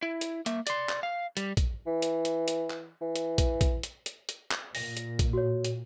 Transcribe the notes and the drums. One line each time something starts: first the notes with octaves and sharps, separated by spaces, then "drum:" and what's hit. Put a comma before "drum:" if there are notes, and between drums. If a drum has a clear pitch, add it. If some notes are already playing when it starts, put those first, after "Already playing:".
E4
drum: hi-hat
A#3 E5, drum: hi-hat
D5 C6, drum: hi-hat
drum: clap
F5
G3, drum: hi-hat
drum: kick, hi-hat
E3
drum: hi-hat
drum: hi-hat
drum: hi-hat
drum: clap
E3
drum: hi-hat
drum: kick, hi-hat
drum: kick, hi-hat
drum: hi-hat
drum: hi-hat
drum: hi-hat
drum: clap
A#2 A#6, drum: open hi-hat
drum: hi-hat
drum: kick, hi-hat
F#4 C#5
drum: hi-hat